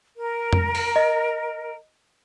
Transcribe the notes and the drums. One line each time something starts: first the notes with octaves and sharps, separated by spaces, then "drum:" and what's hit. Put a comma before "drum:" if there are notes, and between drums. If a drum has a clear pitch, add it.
A#4
drum: tom F2
drum: open hi-hat
D#5